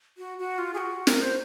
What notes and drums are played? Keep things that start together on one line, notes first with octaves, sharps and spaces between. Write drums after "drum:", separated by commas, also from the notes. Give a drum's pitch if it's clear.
F#4
F#4
F4
G#4
F#4
A#4, drum: snare
C5